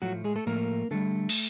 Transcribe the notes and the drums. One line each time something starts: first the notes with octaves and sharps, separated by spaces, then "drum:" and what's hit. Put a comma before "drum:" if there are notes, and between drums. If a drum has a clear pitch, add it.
A2 F3 F#3 A3 F#4
G#3 G#4
A3 A4
A2 F3 A3 A#3 A#4
D3 G3 A3 A4
drum: cymbal